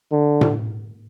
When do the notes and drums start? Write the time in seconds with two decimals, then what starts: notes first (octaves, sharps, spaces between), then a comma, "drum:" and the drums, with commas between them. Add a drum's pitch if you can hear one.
0.12 D3
0.41 drum: tom A2